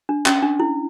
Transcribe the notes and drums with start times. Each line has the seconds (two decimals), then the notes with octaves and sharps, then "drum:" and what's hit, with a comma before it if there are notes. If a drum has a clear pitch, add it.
0.09 D4
0.26 C#4, drum: clap
0.42 D4
0.60 E4